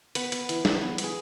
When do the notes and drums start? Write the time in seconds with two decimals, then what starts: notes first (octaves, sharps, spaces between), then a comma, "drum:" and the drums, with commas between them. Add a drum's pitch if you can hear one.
0.15 B3 B4, drum: hi-hat
0.32 B3, drum: hi-hat
0.49 E3, drum: hi-hat
0.65 E3, drum: snare
0.81 B3
0.98 B3, drum: hi-hat
1.04 G#4